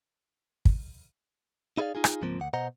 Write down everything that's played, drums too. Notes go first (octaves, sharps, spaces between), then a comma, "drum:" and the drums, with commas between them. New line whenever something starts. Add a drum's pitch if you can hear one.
drum: kick
D#4 E4 G#4 C#5 D5 F5
D#4 F4 G#4
drum: rim click
C#2 G#2 F3 A#3 C4
D2 F#5
B2 C5 D#5 F#5 A#5